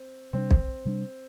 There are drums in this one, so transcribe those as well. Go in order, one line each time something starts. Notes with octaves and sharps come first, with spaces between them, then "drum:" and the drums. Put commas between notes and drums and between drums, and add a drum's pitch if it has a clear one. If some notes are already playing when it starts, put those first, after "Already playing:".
Already playing: C4
C3 G3 C4 D4
drum: kick B1
C3 G3 D4